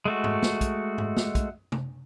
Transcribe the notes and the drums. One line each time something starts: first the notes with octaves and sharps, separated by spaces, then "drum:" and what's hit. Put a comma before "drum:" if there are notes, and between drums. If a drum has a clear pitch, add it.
G#3 A3 F#4
drum: tom G#2
drum: snare
drum: kick, hi-hat
drum: tom G#2
drum: snare
drum: kick, hi-hat
drum: tom C3